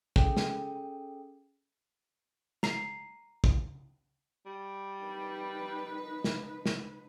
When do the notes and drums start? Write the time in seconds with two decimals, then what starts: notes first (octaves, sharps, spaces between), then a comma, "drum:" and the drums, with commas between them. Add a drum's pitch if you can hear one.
0.16 C#4 G#4 A4 G5, drum: kick
0.37 drum: snare
2.63 A#5 C7, drum: snare
3.44 drum: kick
4.46 G3
5.03 D#4 B4
6.24 drum: snare
6.66 drum: snare